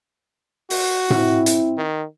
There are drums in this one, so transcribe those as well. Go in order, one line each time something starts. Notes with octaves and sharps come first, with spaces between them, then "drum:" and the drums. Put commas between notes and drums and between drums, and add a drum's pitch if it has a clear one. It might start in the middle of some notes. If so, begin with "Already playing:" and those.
F#4, drum: open hi-hat
C4 E4, drum: tom A2
drum: hi-hat
D#3